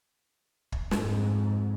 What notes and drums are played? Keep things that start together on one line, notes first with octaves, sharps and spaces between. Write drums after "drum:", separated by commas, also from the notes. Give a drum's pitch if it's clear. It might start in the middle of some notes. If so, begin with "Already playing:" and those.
drum: kick
F2 G#2, drum: snare